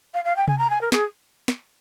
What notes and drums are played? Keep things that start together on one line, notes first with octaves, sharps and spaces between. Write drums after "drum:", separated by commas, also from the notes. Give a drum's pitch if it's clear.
F5
F5
G5
G#5, drum: tom C3
A#5
G#5
A#4
G#4, drum: snare
drum: snare